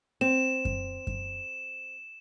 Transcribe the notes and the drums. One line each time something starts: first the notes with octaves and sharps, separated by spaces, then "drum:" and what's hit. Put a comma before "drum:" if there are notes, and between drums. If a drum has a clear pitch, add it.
C4 E7
drum: kick F#2
drum: kick F#2